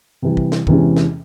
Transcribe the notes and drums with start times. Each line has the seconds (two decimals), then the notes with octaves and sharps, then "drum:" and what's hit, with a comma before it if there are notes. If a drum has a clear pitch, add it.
0.22 C3 E3 G3
0.37 drum: kick
0.52 drum: snare
0.67 E2 C3 E3 G#3 C#4, drum: kick
0.97 drum: snare